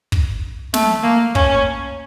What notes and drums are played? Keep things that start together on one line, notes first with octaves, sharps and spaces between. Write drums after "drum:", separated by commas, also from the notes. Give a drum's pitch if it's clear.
drum: kick
A3, drum: snare
A#3
C#4, drum: kick